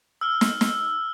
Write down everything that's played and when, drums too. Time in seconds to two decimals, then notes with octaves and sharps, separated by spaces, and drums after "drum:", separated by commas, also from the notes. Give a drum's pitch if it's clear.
0.21 E6 F6 G7
0.41 drum: snare
0.61 drum: snare